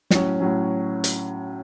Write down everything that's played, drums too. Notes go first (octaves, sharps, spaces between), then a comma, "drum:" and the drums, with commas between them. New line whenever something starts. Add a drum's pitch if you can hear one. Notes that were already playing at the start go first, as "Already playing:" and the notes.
A2 F#3 C#4, drum: snare
A2 F#3 C#4
drum: hi-hat